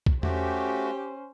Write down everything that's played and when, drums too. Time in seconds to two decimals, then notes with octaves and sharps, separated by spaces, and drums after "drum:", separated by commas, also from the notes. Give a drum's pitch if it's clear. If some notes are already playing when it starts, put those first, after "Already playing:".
0.06 drum: kick B1
0.23 A3 C#4 F#4 G4 C5, drum: tom E2